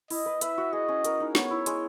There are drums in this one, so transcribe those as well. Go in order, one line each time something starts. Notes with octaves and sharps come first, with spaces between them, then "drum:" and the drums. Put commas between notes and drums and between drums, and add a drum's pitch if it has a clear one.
E4 D#5, drum: open hi-hat
B4
B4 E5, drum: hi-hat
F#4
G#4 D#5
C#4
A#4, drum: hi-hat
D#4
B3 C#5, drum: snare
E4
G#3, drum: hi-hat